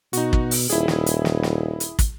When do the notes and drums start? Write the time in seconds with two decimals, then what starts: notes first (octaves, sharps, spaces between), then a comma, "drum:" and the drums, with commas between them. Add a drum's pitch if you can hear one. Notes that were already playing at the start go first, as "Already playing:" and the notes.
0.13 B2 D#4 F#4, drum: hi-hat
0.33 drum: kick
0.51 drum: open hi-hat
0.70 D#1 E4 G#4, drum: hi-hat
0.88 drum: snare
1.06 drum: hi-hat
1.25 drum: snare
1.43 drum: snare
1.80 drum: hi-hat
1.99 drum: kick, hi-hat